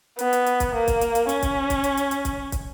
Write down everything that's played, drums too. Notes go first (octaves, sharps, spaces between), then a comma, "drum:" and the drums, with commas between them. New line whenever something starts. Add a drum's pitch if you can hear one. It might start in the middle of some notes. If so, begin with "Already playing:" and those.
B3, drum: hi-hat
drum: hi-hat
drum: hi-hat
drum: kick, hi-hat
A#3
drum: kick, hi-hat
drum: hi-hat
drum: hi-hat
C#4, drum: hi-hat
drum: kick, hi-hat
drum: kick, hi-hat
drum: hi-hat
drum: hi-hat
drum: hi-hat
drum: kick, hi-hat
drum: kick, hi-hat